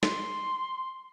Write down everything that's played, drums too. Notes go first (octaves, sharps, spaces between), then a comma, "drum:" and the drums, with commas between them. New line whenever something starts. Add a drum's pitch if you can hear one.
C6, drum: snare